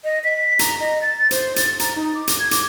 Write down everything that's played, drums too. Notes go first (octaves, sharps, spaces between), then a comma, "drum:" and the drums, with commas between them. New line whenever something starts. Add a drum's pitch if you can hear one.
D#5
B6
A#5, drum: hi-hat
D#5
A6
C5, drum: hi-hat
A6, drum: hi-hat
A#5, drum: hi-hat
D#4
D6
drum: hi-hat
G#6
D6, drum: hi-hat